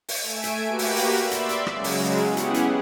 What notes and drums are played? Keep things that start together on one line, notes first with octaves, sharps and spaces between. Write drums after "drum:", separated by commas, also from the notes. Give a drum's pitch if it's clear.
drum: open hi-hat
A3 E5 G#5 D7
drum: hi-hat
A#3 F#4 G4 B4
drum: open hi-hat
drum: open hi-hat
D5 E5 B5 C6 D6 E6
drum: hi-hat
drum: hi-hat
C#3 F#3 G#3, drum: rim click
drum: open hi-hat
B3 C#4 E4 G4 G#4 F#5
drum: hi-hat
drum: hi-hat